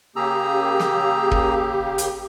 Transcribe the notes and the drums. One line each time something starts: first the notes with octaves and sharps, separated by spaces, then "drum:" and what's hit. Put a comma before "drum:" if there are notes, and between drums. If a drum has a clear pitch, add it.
C#3 A#3 G4 G#4 A#5 E6
drum: snare
drum: kick
drum: hi-hat